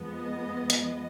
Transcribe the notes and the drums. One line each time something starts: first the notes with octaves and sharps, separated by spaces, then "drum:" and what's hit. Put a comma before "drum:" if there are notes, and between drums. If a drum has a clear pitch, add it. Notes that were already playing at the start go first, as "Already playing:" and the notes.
Already playing: F2 F3 G#3 B3
D#5
drum: hi-hat